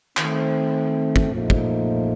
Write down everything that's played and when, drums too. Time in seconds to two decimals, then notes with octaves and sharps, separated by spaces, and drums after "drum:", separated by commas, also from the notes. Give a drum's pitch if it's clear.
0.17 D#3 A3 C4, drum: clap
1.16 drum: kick
1.30 A#2 F3 A3 D#4
1.50 drum: kick